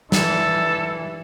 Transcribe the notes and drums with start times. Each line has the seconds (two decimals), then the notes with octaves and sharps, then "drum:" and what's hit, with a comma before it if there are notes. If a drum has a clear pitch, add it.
0.12 E3 A4, drum: snare